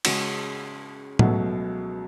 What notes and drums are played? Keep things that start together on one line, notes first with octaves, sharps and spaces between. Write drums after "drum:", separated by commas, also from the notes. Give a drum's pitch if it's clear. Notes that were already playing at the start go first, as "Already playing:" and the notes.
C#3 G#3 C#4 F#4, drum: cymbal
C#2 B2 F#3 A3, drum: tom A2